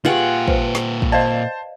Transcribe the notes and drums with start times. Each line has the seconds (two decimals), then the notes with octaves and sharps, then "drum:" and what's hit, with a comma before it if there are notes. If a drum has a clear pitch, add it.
0.05 A#2 F4 G4 G#4 B4 F#5 G5
0.48 B4 C5, drum: kick
0.75 drum: snare
1.02 drum: kick
1.12 C5 D5 D#5 F5 A5